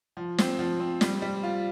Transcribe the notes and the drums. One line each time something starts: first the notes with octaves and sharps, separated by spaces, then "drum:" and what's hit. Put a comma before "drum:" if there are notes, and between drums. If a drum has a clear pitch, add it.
F3
C4, drum: snare
F3
C4
G3, drum: snare
G3
F4